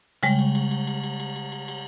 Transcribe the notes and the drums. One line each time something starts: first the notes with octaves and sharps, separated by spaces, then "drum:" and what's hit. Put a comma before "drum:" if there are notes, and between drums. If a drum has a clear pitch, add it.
C#3 G3 G#3, drum: cymbal
drum: cymbal
drum: cymbal
drum: cymbal
drum: cymbal
drum: cymbal
drum: cymbal
drum: cymbal
drum: cymbal
drum: cymbal